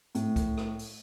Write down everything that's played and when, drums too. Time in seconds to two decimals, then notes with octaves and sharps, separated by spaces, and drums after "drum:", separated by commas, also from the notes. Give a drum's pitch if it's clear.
0.15 A2, drum: hi-hat
0.36 drum: kick C2, hi-hat
0.57 drum: rim click
0.79 drum: open hi-hat